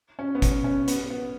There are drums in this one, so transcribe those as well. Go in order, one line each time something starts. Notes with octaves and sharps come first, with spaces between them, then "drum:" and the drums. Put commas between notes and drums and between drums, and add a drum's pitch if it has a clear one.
C#4
B3
C#4, drum: kick G1, hi-hat
C#4
B3, drum: hi-hat
B3